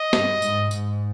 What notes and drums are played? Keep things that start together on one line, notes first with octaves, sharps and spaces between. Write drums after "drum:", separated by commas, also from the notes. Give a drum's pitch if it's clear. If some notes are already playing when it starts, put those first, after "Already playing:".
Already playing: D#5
G2, drum: snare
G#2, drum: tambourine
G#2, drum: tambourine